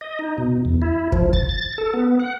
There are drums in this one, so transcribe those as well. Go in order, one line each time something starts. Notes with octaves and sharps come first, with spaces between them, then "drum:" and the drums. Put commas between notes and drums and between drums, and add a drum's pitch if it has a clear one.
D#5
D#4
B2
E2
E4
F3, drum: kick
A6, drum: kick
A6
A4
B3
F#5